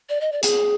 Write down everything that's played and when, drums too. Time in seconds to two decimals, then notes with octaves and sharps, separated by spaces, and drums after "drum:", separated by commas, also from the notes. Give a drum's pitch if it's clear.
0.09 D5
0.21 D#5
0.32 D5
0.43 G#4, drum: hi-hat